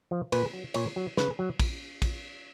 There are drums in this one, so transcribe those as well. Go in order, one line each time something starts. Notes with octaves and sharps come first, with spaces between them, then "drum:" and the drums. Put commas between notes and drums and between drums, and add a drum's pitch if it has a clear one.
F3
A#2 B4, drum: cymbal
F#3
A#2 C#5, drum: cymbal
F#3
C#3 B4, drum: snare
F#3
drum: kick, cymbal
drum: kick, cymbal